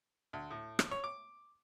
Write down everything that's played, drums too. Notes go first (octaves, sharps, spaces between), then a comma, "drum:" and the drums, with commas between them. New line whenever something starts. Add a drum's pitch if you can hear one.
D2
A2
drum: rim click
C#5
D6